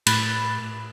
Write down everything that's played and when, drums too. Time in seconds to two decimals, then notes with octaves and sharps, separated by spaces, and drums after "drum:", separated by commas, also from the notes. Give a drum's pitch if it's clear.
0.06 A2 B5 F#6 A6, drum: cymbal